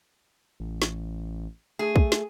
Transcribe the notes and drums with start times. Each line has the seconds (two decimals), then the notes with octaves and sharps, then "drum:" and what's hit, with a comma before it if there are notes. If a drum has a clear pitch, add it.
0.60 A1
0.82 drum: snare
1.79 A3 G#4
1.96 drum: kick
2.12 drum: snare